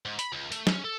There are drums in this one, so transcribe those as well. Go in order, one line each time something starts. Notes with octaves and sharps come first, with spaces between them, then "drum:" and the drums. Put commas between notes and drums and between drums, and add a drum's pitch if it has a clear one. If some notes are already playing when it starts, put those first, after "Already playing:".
G#2
B5, drum: hi-hat
C#2
A3, drum: hi-hat
C#4, drum: snare
A4